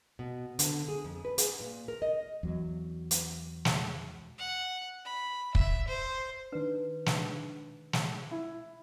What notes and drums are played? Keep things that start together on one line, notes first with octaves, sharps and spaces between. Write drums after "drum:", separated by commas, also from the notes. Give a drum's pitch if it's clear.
B2
D3, drum: hi-hat
G#4
F2
B4
G#4, drum: hi-hat
A#2
A#4
D#5
E2 F#3
drum: hi-hat
drum: snare
F#5
B5
E5, drum: kick
C5
D#3 D4 B4
drum: snare
drum: snare
E4